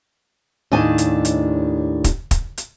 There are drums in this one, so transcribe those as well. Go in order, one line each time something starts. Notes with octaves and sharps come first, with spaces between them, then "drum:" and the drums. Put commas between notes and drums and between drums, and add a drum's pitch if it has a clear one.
D#2 A2 D4 D#5 G#5
drum: hi-hat
drum: hi-hat
drum: kick, hi-hat
drum: kick, hi-hat
drum: hi-hat